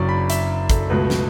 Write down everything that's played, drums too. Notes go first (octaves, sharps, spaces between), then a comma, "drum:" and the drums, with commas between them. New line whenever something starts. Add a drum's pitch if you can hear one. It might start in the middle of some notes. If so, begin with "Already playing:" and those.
Already playing: F#1 F#2 C#3 F#3 C#4 D5 C#6
B5
E5, drum: hi-hat
A4, drum: kick, hi-hat
C#2 B2 A3 B4
drum: snare